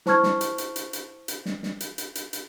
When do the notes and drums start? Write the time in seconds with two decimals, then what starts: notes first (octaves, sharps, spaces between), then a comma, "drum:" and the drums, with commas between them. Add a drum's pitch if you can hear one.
0.06 E4 C5 A5 C#6 F6 G#6, drum: snare
0.23 drum: snare
0.41 drum: hi-hat
0.58 drum: hi-hat
0.76 drum: hi-hat
0.93 drum: hi-hat
1.28 drum: hi-hat
1.46 drum: snare
1.63 drum: snare
1.80 drum: hi-hat
1.98 drum: hi-hat
2.15 drum: hi-hat
2.33 drum: hi-hat